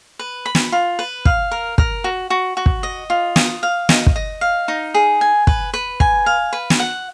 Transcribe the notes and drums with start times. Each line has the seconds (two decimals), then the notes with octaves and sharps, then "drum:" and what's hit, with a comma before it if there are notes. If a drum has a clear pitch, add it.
0.19 B4
0.46 B5
0.55 drum: snare
0.72 F4
0.99 B4
1.25 F5, drum: kick
1.51 A#4
1.78 A#4, drum: kick
2.04 F#4
2.30 F#4
2.57 F#4
2.66 drum: kick
2.83 D#5
3.10 F4
3.36 D#6, drum: snare
3.63 F5
3.89 D#5, drum: snare
4.06 drum: kick
4.16 D#5
4.41 F5
4.68 D#4
4.94 G#4
5.21 G#5
5.47 B4, drum: kick
5.74 B4
6.00 G#5, drum: kick
6.26 F5
6.53 B4
6.70 drum: snare
6.79 F#5